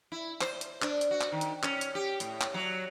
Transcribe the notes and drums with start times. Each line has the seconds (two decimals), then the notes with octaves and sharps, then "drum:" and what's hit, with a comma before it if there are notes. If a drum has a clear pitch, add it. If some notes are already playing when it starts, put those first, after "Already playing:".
0.12 E4
0.41 C5, drum: clap
0.61 drum: hi-hat
0.82 D4, drum: clap
1.01 drum: hi-hat
1.11 F#4
1.21 drum: clap
1.32 D#3
1.41 drum: hi-hat
1.63 C#4, drum: clap
1.81 drum: hi-hat
1.95 G4
2.20 A2, drum: hi-hat
2.41 drum: clap
2.54 F#3